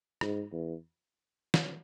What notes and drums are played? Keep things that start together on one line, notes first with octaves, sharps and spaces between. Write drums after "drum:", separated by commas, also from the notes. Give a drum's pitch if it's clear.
G#2, drum: rim click
E2
drum: snare